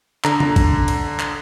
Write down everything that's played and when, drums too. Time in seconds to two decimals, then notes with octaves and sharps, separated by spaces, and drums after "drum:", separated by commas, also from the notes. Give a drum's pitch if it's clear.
0.24 D3 A#5, drum: clap
0.40 drum: tom C#3
0.56 drum: kick, cymbal
0.88 drum: cymbal
1.20 drum: clap